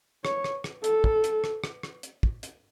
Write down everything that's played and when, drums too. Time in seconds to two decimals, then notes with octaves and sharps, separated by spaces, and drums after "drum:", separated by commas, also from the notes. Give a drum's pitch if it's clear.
0.25 C#5, drum: rim click
0.44 drum: rim click
0.64 drum: rim click
0.84 A4, drum: hi-hat
1.04 drum: kick
1.24 drum: hi-hat
1.44 drum: rim click
1.64 drum: rim click
1.83 drum: rim click
2.03 drum: hi-hat
2.23 drum: kick
2.43 drum: hi-hat